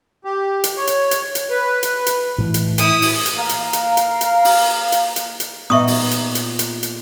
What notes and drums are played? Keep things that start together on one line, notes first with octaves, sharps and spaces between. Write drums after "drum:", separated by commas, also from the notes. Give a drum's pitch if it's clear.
G4
drum: hi-hat
C#5
drum: hi-hat
drum: hi-hat
drum: hi-hat
B4
drum: hi-hat
drum: hi-hat
A2 E3
drum: hi-hat
E4 D#6, drum: hi-hat
drum: open hi-hat
drum: hi-hat
A#3 F5 A#5
drum: hi-hat
drum: hi-hat
drum: hi-hat
drum: hi-hat
drum: open hi-hat
drum: hi-hat
drum: hi-hat
drum: hi-hat
A#2 B3 D#4 E5 C#6 D#6
drum: open hi-hat
drum: hi-hat
drum: hi-hat
drum: hi-hat
drum: hi-hat